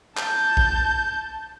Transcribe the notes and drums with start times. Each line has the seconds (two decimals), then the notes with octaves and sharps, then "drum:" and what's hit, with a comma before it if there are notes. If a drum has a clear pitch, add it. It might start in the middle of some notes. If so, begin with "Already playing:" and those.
0.17 A5 G6, drum: clap
0.57 drum: kick A#1